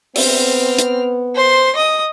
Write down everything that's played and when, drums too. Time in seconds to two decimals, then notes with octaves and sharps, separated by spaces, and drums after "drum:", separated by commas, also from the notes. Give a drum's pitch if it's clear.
0.16 B3 C4 F6, drum: open hi-hat
0.79 drum: hi-hat
1.35 C5 C6
1.75 D#5 D#6